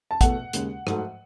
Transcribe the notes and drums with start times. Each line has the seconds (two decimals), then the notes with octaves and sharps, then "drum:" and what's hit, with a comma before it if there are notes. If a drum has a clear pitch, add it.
0.11 A5
0.21 E2 B2 A3 F#5, drum: kick, hi-hat
0.53 D#2 C#3 G#3, drum: hi-hat
0.87 G#2 F#3 A3, drum: rim click